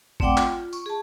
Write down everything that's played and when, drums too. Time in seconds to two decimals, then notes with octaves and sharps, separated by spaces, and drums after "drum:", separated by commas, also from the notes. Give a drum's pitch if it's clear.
0.20 A3 C4 D5 F#5 G5 D6, drum: kick G#1
0.37 F4, drum: clap
0.73 C#6, drum: tambourine
0.86 G#4 A5